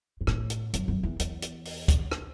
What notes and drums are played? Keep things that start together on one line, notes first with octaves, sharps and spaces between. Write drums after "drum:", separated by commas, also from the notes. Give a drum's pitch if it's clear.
G#2
A2, drum: rim click
drum: hi-hat
F#2, drum: hi-hat
F#2
E2
E2, drum: hi-hat
drum: hi-hat
drum: open hi-hat
drum: kick, hi-hat
drum: rim click